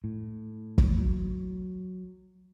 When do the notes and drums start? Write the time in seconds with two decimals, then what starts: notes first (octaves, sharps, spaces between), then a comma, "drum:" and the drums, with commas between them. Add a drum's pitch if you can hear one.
0.04 A2
0.78 drum: kick
0.99 F#3